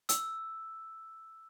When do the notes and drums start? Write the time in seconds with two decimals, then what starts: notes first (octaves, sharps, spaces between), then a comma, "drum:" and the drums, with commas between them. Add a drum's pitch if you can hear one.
0.09 E6, drum: hi-hat